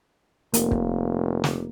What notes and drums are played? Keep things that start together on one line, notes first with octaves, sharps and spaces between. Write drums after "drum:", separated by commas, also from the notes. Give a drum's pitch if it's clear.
F1 A#3, drum: hi-hat
drum: kick
drum: snare